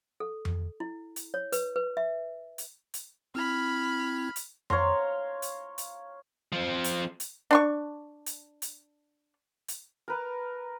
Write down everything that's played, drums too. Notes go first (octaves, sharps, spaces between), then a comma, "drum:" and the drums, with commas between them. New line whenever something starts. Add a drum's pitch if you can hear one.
A4
drum: tom F2
E4
drum: hi-hat
C#5
B4, drum: hi-hat
B4
E5
drum: hi-hat
drum: hi-hat
C4 E4 B5 F6 G#6
drum: hi-hat
C#5 F5 A#5 C6, drum: tom F2
drum: hi-hat
drum: hi-hat
F3 C4
drum: hi-hat
drum: hi-hat
D4 C6 C#6
drum: hi-hat
drum: hi-hat
drum: hi-hat
A#4 B4 A5